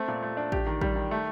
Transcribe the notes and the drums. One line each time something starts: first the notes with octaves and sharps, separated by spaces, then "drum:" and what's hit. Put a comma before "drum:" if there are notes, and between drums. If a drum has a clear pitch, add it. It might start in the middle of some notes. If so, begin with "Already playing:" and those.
Already playing: A3 C4
A#2
A3
D4
G4, drum: kick A1
D#3
G3, drum: kick A1
D#3
A3